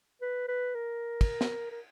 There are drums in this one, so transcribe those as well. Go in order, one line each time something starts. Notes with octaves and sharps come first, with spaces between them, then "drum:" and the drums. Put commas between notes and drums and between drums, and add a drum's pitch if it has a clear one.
B4
B4
A#4
drum: kick, cymbal
drum: snare
A#4